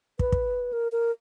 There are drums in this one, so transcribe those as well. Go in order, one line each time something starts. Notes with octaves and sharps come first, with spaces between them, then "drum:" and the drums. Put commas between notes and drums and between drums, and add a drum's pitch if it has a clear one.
B4, drum: kick
drum: kick
A#4
A#4